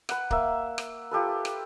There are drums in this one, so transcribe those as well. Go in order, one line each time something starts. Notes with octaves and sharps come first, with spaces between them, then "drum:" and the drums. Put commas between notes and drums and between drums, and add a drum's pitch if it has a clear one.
B4 F#5, drum: rim click
A#3 E5, drum: kick C#1
drum: rim click
F4 G4 A4 B4
drum: rim click